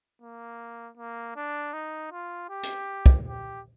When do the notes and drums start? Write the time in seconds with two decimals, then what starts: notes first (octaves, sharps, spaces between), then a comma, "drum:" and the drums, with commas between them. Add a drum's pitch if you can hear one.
0.22 A#3
0.97 A#3
1.36 D4
1.73 D#4
2.12 F4
2.50 G4
2.63 drum: hi-hat
3.06 drum: kick
3.26 G4